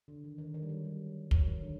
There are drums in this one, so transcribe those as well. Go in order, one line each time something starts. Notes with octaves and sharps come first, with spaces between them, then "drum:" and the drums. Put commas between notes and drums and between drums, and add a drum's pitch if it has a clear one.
D3
D#3
D#3
D#3
G3
F#3
G3
F#3, drum: kick
D#3
D3